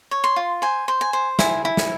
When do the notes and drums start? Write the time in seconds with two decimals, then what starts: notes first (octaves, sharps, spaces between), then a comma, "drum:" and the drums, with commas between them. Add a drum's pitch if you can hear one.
0.11 C#5
0.24 C6
0.36 F4
0.62 C5 G#5
0.88 C5
1.01 G#5
1.13 C5
1.39 E4 G#5, drum: snare
1.65 E4
1.77 drum: snare